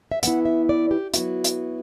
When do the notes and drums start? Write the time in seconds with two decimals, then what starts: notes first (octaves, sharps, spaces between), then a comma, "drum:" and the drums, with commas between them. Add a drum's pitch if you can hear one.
0.12 E5
0.23 E3 B3 E4 F#5, drum: hi-hat
0.45 E5
0.69 D5
0.91 G4
1.14 F#3 B3 E4 F#4, drum: hi-hat
1.44 drum: hi-hat